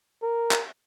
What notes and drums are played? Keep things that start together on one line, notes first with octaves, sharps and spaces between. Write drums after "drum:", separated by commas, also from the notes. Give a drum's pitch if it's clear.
A#4
drum: clap